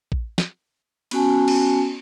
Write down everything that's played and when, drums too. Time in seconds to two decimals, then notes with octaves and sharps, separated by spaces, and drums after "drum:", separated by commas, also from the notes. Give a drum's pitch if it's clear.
0.12 drum: kick
0.38 drum: snare
1.11 B3 C#4 F#4 G#5 A5, drum: cymbal
1.48 drum: cymbal